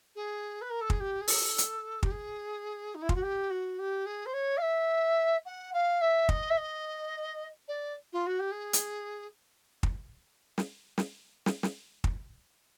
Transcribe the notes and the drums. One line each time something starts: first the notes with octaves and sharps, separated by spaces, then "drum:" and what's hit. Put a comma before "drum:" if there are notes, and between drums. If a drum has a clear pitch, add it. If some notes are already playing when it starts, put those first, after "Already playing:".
G#4
B4
A#4
A4
G#4, drum: kick
G4
G#4
A4, drum: open hi-hat
drum: hi-hat
G4, drum: kick
G#4
D#4
E4
F4, drum: kick
F#4
G4
F#4
G4
G#4
C5
C#5
F5
E5
F#5
F5
E5
D#5, drum: kick
E5
D#5
D5
F4
F#4
G4
G#4
drum: hi-hat
drum: kick
drum: snare
drum: snare
drum: snare
drum: snare
drum: kick